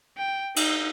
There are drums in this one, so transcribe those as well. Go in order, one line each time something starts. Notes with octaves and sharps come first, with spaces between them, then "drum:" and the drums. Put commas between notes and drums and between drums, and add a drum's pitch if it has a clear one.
G5
D#4, drum: cymbal